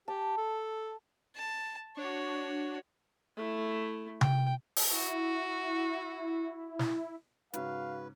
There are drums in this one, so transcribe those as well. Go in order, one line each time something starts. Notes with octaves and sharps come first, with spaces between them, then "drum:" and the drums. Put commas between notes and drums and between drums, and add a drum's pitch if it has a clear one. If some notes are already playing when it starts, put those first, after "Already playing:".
G4 A5
A4
A5
D4 F#4 C#5
A3 E4
G5, drum: tom C3
drum: open hi-hat
E4 F#4
drum: snare
G#2 C#3 F#4 B4 F5, drum: hi-hat